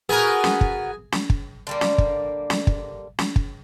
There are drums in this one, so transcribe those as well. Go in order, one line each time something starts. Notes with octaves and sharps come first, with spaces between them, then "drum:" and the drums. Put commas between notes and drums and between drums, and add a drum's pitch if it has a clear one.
B3 F#4 G#4 A#4 G#5
drum: snare
drum: kick
drum: snare
drum: kick
D3 G3 A#3
drum: snare
drum: kick
drum: snare
drum: kick
drum: snare
drum: kick